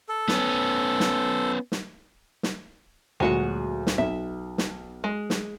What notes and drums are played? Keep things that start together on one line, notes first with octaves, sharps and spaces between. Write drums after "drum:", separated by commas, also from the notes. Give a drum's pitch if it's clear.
A4
B3 C#4, drum: snare
drum: snare
drum: snare
drum: snare
D2 A#2 F#3 G#3 F#4 F#5
drum: snare
B1 E5
drum: snare
G#3
drum: snare